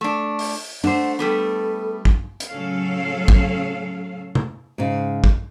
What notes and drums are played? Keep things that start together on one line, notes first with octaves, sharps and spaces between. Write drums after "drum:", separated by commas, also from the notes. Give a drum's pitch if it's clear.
A3 D4
drum: open hi-hat
A3 D4 C5 F#5
G3 A3 B3 A4
drum: kick
drum: hi-hat
A2 C#3 F#3 C#4 A4 F5
drum: kick
drum: tom C3
G#2 C#3
drum: kick